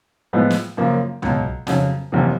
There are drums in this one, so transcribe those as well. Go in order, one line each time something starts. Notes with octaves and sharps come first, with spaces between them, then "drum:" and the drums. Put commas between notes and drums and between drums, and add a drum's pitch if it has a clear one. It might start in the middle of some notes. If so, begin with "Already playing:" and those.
A2 F3 G#3 B3
drum: snare
F#2 C#3 F3 A#3
C#2 B2 F#3, drum: tom
F2 C#3 F#3, drum: snare
F#1 E2 C3 F3